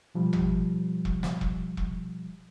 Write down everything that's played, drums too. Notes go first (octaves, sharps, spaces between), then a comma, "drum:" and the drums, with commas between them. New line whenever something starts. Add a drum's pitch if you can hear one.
B2 F3 G3
drum: tom G#1
drum: kick E1
drum: snare
drum: kick E1
drum: kick E1